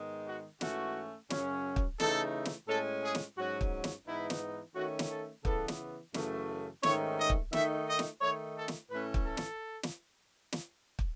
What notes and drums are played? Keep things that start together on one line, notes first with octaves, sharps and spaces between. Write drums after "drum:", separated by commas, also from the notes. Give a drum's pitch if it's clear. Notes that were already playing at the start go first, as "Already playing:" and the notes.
Already playing: G#2 D#3 G#3 B3 D#4
F#4
G#2 E3 A3 C#4 F#4, drum: snare
F#2 C#3 F#3 C#4, drum: snare
drum: kick
C#3 E3 A3 D#4 A4, drum: snare
drum: snare
A2 G#3 C#4 A4
G#4
drum: snare
G#2 F#3 C#4 F#4
drum: kick
drum: snare
G#2 E3 B3 D#4 E4
drum: snare
D#3 A3 C#4 F#4
drum: snare
A4
C#3 E3 B3 A4, drum: kick
drum: snare
F#2 C#3 E3 A3, drum: snare
G#2 D#3 A3 C#4 C#5, drum: snare
D#5
drum: kick
D#3 A3 D#4 E5, drum: snare
D#5
drum: snare
D#3 A3 D#4 C#5
A4
drum: snare
A2 E3 A3 C#4 B4
drum: kick
A4
drum: snare
drum: snare
drum: snare
drum: kick